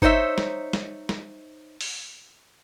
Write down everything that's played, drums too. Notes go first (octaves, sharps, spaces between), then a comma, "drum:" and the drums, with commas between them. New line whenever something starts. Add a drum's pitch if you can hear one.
D#4 C5 C#5 D#5 E5, drum: kick G1
drum: snare
drum: snare
drum: snare
drum: open hi-hat